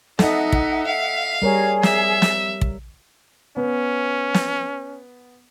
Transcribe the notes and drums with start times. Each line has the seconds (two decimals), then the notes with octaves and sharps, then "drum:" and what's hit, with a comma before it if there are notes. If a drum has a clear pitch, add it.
0.19 D#4 A4 D#5 E5 F#5, drum: snare
0.53 drum: kick
0.87 F5
1.42 G3 G#4 A#4 C#5
1.83 E5, drum: snare
2.22 drum: snare
2.61 drum: kick
3.57 B3 C#4
4.34 drum: snare